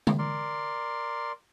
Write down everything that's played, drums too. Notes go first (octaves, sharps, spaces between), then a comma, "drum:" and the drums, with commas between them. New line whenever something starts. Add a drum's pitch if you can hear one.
drum: tom D3
A#4 D5 C6